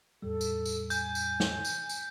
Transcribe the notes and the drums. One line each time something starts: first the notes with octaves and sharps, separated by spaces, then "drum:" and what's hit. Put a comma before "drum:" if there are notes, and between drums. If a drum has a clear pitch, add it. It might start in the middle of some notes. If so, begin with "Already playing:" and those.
E2 A2 G3 A4
drum: tambourine
drum: tambourine
G#5 G6, drum: tambourine
drum: tambourine
drum: snare
drum: tambourine
drum: tambourine